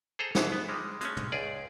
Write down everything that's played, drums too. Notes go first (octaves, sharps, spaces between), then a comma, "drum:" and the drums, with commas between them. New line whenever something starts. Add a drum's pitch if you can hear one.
G#4 A4 C5 A#5
E3, drum: snare
B3
G3 G#3
G#3 A3 C#4, drum: hi-hat
drum: tom
C#2 G#4 D5